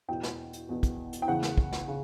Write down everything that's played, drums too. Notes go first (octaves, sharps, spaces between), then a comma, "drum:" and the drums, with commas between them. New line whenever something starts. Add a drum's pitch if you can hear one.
E2 B2 G5
drum: snare
drum: hi-hat
E2 B2
drum: kick, hi-hat
drum: hi-hat
G5
E2 C#3 E3 F#5
drum: snare
drum: kick
drum: snare
C#3